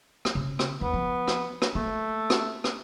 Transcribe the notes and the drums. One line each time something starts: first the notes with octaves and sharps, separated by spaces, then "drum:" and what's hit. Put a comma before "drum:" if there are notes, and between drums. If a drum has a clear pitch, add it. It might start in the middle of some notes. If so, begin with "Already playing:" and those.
drum: rim click
C#3
drum: rim click
D#2 B3
F3
drum: rim click
drum: rim click
A3 A#3
drum: rim click
drum: rim click